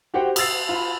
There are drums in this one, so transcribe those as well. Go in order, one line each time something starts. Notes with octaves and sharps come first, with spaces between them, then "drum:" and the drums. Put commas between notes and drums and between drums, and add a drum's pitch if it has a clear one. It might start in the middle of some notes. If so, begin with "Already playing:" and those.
F#4 G4 C5 F#5 G5
D#6 E6 A6 C7, drum: cymbal
F4 B5